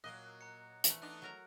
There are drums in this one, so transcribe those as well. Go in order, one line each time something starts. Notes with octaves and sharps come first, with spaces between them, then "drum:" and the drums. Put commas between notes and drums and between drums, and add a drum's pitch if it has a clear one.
A#2 F#3 A#3 D#5 F#6
A#5 F#6 C#7
E3 A3, drum: hi-hat
B3 D4 D#4 F#6 F7
F#3 A#4 A#5